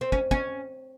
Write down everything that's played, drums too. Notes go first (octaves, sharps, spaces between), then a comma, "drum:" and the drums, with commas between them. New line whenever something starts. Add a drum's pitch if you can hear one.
C4
C#4, drum: kick
C#4, drum: kick